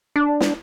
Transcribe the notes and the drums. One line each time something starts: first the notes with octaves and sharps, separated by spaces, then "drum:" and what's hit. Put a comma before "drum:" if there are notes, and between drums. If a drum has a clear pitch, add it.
D4
drum: snare